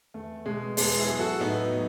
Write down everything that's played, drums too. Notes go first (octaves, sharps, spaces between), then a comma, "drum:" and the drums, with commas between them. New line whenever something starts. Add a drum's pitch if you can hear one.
E2 A3
B2 G#3
E2 G#3 B3, drum: open hi-hat
E4 G#4
F#3
F#4 A4
A2 B3 D#4
F#3